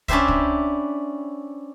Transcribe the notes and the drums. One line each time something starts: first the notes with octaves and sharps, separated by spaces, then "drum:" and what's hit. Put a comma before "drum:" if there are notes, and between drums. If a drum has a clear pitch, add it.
C#4 D4 E4 G4 C5 E5, drum: kick
drum: kick